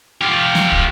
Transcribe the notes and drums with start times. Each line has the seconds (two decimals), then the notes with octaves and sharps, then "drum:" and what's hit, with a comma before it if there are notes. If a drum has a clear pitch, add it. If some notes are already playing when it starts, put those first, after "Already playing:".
0.21 F4 G4
0.55 drum: snare
0.72 drum: kick